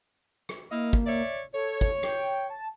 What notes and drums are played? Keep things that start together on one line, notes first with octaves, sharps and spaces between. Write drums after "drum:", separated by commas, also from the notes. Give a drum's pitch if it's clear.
drum: rim click
A#3 E4 D#5 F5
drum: kick
C#5 D5 E5
A4 C#5
drum: kick
G5, drum: rim click
A5